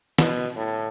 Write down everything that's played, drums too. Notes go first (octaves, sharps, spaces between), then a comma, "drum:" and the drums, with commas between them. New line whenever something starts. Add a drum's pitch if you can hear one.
B2, drum: snare
A2